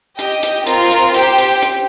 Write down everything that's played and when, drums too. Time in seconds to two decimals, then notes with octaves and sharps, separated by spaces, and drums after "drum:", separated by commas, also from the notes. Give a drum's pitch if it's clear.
0.19 G4 D#5 G5, drum: hi-hat
0.43 drum: hi-hat
0.67 C4 F4 A#4, drum: hi-hat
0.91 drum: hi-hat
1.14 G4 C5 G5, drum: hi-hat
1.38 drum: hi-hat
1.62 drum: hi-hat